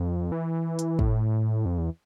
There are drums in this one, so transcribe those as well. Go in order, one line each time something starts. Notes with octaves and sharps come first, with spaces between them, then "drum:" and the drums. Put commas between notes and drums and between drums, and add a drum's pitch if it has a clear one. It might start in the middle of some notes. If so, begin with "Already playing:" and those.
Already playing: F2
E3
drum: hi-hat
A2, drum: kick
F2
E2